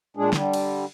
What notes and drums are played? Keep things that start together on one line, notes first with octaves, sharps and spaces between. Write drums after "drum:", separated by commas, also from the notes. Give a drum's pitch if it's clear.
A#2 G#3 D4 G#4
D3 G3, drum: snare
drum: cymbal